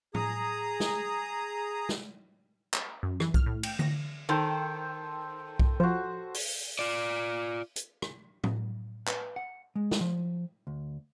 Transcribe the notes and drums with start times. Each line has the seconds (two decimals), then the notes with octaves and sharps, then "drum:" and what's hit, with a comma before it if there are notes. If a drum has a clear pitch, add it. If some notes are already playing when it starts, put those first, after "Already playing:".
0.14 G#4 A#5 D#6, drum: tom A2
0.80 drum: snare
1.89 drum: snare
2.74 drum: clap
3.03 F#2
3.20 E3, drum: rim click
3.34 F6, drum: kick B1
3.46 A2
3.63 G5, drum: cymbal
3.79 A#6, drum: tom D3
4.29 D#3 A4 C5 G5
5.60 drum: kick B1
5.80 F3 F#4 C5
6.34 drum: open hi-hat
6.79 F4 D5
7.76 drum: hi-hat
8.02 drum: rim click
8.44 drum: tom A2
9.07 B4, drum: clap
9.36 F#5
9.76 G#3
9.91 drum: snare
10.01 F3
10.67 D2